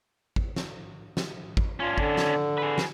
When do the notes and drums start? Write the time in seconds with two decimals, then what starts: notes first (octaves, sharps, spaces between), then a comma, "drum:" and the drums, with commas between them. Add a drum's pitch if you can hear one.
0.36 drum: kick
0.56 drum: snare
1.17 drum: snare
1.57 drum: kick
1.80 C#4 D4 F4
1.98 D3, drum: kick
2.17 drum: snare
2.58 G#4 B4
2.78 drum: snare